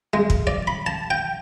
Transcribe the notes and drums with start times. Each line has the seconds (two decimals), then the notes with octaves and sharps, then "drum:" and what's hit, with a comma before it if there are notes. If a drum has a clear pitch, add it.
0.13 G#3
0.30 drum: kick
0.47 D5
0.67 B5
0.86 A5
1.10 G5